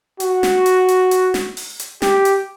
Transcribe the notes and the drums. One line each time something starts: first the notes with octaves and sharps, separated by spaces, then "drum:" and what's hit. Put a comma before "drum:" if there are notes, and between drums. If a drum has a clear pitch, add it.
F#4, drum: hi-hat
drum: snare
drum: hi-hat
drum: hi-hat
drum: hi-hat
drum: snare
drum: open hi-hat
drum: hi-hat
G4, drum: snare
drum: hi-hat